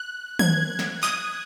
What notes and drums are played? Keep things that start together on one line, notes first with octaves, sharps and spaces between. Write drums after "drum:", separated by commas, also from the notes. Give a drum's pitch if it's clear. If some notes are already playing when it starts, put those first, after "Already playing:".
Already playing: F#6
G#6, drum: tom D#3
drum: snare
D#6, drum: clap